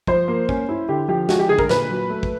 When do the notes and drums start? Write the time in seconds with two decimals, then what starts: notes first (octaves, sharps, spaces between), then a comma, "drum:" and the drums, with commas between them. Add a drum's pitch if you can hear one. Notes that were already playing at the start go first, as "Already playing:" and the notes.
0.07 F3 C5, drum: kick
0.28 A#3
0.49 C#4, drum: kick
0.69 E4
0.89 D3 G4
1.08 F3 G4
1.29 G#3 F#4, drum: snare
1.39 G4
1.49 D3 G#4
1.59 A#4, drum: kick
1.69 A#2 B4, drum: snare
1.90 F#3
2.10 A3
2.23 drum: kick